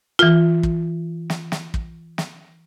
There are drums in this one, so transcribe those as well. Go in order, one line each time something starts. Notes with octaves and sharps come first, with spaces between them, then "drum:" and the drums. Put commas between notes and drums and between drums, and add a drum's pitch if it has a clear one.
E3 F4
drum: kick
drum: snare
drum: snare
drum: kick
drum: snare